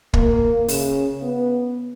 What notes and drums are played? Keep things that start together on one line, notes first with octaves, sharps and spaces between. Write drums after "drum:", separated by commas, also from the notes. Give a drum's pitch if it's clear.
A#3, drum: kick
C#3, drum: open hi-hat
B3